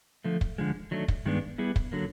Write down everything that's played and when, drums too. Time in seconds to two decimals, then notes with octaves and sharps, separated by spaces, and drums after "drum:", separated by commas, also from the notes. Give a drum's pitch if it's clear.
0.24 D3 F3 A3
0.41 drum: kick
0.58 D3 F3 G#3
0.91 D#3 F#3 A3 D4
1.08 drum: kick
1.26 G2 D#3 G#3 B3 D4
1.58 G3 B3 E4 G#4
1.76 drum: kick
1.92 D3 F#3 A#3